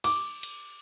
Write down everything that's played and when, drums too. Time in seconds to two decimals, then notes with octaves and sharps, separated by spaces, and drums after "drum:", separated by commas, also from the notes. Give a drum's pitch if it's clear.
0.04 D6, drum: cymbal
0.43 drum: cymbal